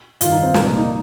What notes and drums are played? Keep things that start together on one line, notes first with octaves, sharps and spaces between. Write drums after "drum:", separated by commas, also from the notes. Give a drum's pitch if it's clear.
G2 D#3 F4, drum: hi-hat
D#4
C4
C2 A#2 F3 A#3, drum: snare
A#3
D#4